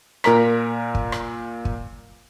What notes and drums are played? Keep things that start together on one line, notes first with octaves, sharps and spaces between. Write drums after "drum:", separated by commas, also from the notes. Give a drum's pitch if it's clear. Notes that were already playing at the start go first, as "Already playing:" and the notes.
A#2 A#4 A#5 B6, drum: rim click
drum: kick
drum: rim click
drum: kick